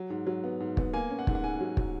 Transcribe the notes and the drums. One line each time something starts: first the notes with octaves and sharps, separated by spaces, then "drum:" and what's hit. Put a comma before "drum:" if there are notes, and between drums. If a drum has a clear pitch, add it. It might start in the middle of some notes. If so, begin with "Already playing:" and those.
Already playing: F#3
G#2
F#3
B3
G#2
B3, drum: kick
A#3 G#5
C#4
F#5
G#2, drum: kick
F#5
G#2 G#5
F#3
F#3, drum: kick